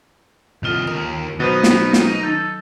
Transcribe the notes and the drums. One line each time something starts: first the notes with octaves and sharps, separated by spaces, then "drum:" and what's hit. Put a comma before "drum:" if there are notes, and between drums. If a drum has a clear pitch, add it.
C2 D#3 F4 A4 D#5
D#2 A#4 D#6
B2 D#3 F#3 B3 D#4 B4 C5
drum: snare
drum: snare
D#3 A4 G6